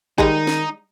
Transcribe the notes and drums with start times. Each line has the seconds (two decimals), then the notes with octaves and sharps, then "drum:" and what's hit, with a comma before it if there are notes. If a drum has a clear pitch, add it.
0.18 D#3 G3 G#3 D#4 G#4, drum: kick G#1
0.47 drum: snare